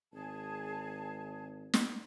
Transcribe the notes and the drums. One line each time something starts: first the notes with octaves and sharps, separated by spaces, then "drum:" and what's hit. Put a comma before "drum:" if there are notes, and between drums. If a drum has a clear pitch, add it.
G#1 G#4 A5
drum: snare